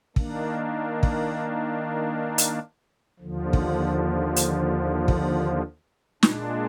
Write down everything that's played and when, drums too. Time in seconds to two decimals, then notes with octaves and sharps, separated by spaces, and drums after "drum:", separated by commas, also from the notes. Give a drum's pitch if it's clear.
0.16 D#3 A#3 D4, drum: kick
1.03 drum: kick
2.38 drum: hi-hat
3.19 D#2 D3 F3
3.53 drum: kick
4.36 drum: hi-hat
5.08 drum: kick
6.23 A#2 G#3 D4, drum: snare